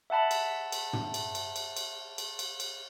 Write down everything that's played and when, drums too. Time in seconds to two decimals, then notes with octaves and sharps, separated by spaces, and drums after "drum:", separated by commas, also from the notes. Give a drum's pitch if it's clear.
0.10 E5 F#5 A5 B5
0.31 drum: cymbal
0.72 drum: cymbal
0.93 drum: tom
1.14 drum: cymbal
1.35 drum: cymbal
1.56 drum: cymbal
1.77 drum: cymbal
2.18 drum: cymbal
2.39 drum: cymbal
2.60 drum: cymbal